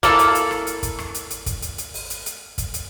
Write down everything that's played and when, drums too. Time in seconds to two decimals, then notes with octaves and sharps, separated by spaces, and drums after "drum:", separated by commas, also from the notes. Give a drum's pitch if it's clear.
0.03 A#3 E4 A4, drum: kick, hi-hat
0.19 drum: hi-hat
0.35 drum: hi-hat
0.51 drum: rim click
0.67 drum: hi-hat
0.83 drum: kick, hi-hat
0.99 drum: rim click
1.14 drum: hi-hat
1.30 drum: hi-hat
1.46 drum: kick, hi-hat
1.62 drum: hi-hat
1.78 drum: hi-hat
1.94 drum: open hi-hat
2.10 drum: hi-hat
2.26 drum: hi-hat
2.58 drum: kick, hi-hat
2.74 drum: hi-hat